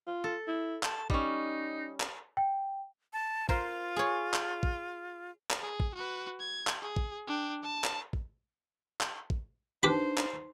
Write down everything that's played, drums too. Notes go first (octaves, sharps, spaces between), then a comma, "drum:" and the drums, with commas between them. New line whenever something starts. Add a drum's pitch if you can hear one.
F4
A4
E4
A5, drum: clap
G3 C#4 D#4, drum: kick
drum: clap
G5
A5
F4 A#4 C5, drum: kick
G#4 C#5
drum: clap
drum: kick
drum: clap
G#4
drum: kick
F#4 B4
G#6
drum: clap
G#4
drum: kick
D4 G5
A5
drum: clap
drum: kick
drum: clap
drum: kick
D4 D#4 G4 B4 C5 B5
drum: clap